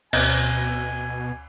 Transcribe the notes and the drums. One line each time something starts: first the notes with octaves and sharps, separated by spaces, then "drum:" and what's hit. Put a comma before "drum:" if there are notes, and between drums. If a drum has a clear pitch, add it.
D2 B2 G#5, drum: cymbal